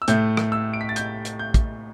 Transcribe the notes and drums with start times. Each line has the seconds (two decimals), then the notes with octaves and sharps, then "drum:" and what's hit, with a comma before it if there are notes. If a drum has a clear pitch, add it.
0.02 E6
0.08 A2 A3 G6, drum: hi-hat
0.37 drum: rim click
0.52 E6
0.74 D7
0.81 B6
0.89 A6
0.96 G6, drum: hi-hat
1.25 drum: hi-hat
1.39 G6
1.54 drum: kick, hi-hat